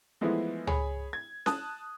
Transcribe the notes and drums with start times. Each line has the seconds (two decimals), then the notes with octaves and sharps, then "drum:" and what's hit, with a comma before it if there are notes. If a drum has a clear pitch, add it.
0.21 E3 F3 G#3 A3 B3 E4
0.67 G#4 C#5 B5, drum: tom C#2
1.13 G#6
1.46 A5 D#6 F#6, drum: snare C#4